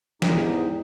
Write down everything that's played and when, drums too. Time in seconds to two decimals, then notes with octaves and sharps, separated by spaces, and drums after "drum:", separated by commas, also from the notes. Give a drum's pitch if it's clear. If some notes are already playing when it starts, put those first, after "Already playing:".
0.22 E2 G#2 D#4 G4, drum: snare